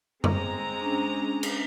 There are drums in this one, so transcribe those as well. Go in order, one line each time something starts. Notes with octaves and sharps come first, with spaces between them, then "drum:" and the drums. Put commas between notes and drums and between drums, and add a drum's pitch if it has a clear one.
G#3 C4 A#5, drum: tom F#2
C#4 D4
drum: cymbal